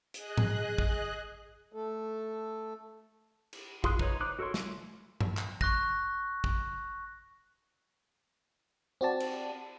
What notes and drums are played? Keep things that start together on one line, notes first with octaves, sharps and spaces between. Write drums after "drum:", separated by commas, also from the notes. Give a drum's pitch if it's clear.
G#4 D#5 F#6, drum: hi-hat
drum: tom G#2
drum: kick
A3 A4
drum: cymbal
F4 G#4 C6 D#6 F#6, drum: kick
D#4 B4 C#5, drum: kick
D#4 C5 D6 F#6
F#4 A4 A#4 C#5 C6
drum: snare
drum: tom G2
drum: clap
C#6 F#6 A#6, drum: kick
drum: kick
C4 F#4 D5 A5
drum: cymbal